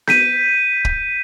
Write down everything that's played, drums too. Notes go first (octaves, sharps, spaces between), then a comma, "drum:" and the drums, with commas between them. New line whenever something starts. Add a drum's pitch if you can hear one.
G6 B6 D#7, drum: snare B3
drum: kick